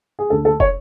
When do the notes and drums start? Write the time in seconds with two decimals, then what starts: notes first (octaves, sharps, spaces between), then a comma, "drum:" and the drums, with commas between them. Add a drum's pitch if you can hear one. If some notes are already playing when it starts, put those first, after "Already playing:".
0.19 G#4
0.30 D2 D3 A4
0.45 A4
0.60 C#5, drum: kick